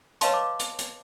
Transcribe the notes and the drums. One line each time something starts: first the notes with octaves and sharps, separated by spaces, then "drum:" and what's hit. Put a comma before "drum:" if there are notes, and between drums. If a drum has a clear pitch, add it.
B4 C#5 D#5 F5 A5 C6, drum: hi-hat
D6
drum: hi-hat
drum: hi-hat